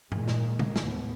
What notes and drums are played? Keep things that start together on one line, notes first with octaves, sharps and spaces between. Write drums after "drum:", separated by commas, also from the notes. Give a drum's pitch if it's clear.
A#2 D#3 G#3, drum: tom
drum: snare
drum: tom C3
D#2 A2 B3, drum: snare